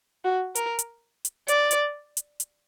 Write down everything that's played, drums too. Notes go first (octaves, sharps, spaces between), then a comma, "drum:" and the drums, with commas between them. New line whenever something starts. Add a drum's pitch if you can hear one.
F#4
A#4, drum: hi-hat
drum: hi-hat
drum: hi-hat
D5, drum: hi-hat
drum: hi-hat
drum: hi-hat
drum: hi-hat